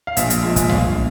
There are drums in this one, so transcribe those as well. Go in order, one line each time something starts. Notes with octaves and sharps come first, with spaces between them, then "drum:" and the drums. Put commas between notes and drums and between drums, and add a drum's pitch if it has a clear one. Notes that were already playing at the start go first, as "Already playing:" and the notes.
F5
A#1 E5, drum: hi-hat
drum: hi-hat
A#2 F3 G#3
drum: kick, hi-hat
G1 F5, drum: tom